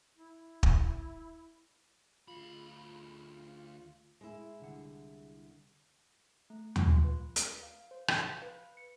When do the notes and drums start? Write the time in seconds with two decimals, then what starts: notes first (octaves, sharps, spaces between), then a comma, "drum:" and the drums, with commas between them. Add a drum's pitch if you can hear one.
0.17 E4
0.63 drum: kick
2.28 D2 F4 B5
2.75 F4
4.21 G#3 E4
4.60 C2 D3 F#5
6.50 A3
6.76 F4, drum: tom D#2
7.04 B4
7.36 drum: hi-hat
7.63 F5
7.91 C5
8.08 drum: rim click
8.21 F5
8.42 B4
8.77 C#7